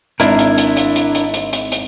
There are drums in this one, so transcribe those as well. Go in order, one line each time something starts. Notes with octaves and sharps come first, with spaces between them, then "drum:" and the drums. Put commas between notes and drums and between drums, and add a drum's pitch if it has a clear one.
G#1 D4 E4 A#4, drum: hi-hat
drum: hi-hat
drum: hi-hat
drum: hi-hat
drum: hi-hat
drum: hi-hat
drum: hi-hat
drum: hi-hat
drum: hi-hat